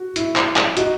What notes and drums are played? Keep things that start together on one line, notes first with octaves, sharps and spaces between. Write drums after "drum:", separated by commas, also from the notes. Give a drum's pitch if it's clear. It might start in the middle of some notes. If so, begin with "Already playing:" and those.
Already playing: F#4
E4, drum: hi-hat
drum: clap
drum: clap
D#4 F#4, drum: hi-hat